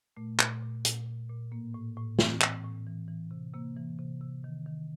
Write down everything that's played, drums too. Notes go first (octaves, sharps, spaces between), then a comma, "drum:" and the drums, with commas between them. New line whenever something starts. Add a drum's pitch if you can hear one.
A#2 A3
A#2, drum: clap
A#2
A#2, drum: hi-hat
A#2
A#2
A2 A#3
A2
A2
E3 C4, drum: snare
A2, drum: clap
A2
E3
E3
C3
C3 A#3
E3
C3
C3
D#3
D#3